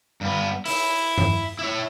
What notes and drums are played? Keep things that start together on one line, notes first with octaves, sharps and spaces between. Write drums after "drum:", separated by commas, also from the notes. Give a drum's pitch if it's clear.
G2 B3
E4, drum: open hi-hat
drum: tom G2
E4 C#5